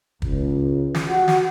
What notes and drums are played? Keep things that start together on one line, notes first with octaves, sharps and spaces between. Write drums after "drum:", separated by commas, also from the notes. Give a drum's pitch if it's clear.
C#2, drum: kick
drum: snare
F#4
drum: snare